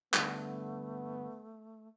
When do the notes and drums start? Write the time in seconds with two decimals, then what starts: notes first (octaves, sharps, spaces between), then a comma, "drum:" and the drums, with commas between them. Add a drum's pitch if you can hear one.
0.14 G2 D3 A3 B3, drum: clap